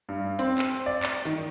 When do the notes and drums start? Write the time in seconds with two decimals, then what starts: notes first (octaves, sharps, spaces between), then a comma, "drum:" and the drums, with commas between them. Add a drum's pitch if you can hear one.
0.09 G2
0.39 C4, drum: hi-hat
0.58 drum: clap
0.86 D5
1.03 drum: clap
1.25 D#3, drum: hi-hat